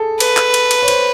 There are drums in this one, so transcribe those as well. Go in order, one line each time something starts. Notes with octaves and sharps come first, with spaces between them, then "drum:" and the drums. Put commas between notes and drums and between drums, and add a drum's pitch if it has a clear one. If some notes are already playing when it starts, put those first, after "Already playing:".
Already playing: G#4 A4
B4, drum: cymbal
drum: clap
drum: cymbal
drum: cymbal
C#5
C5, drum: cymbal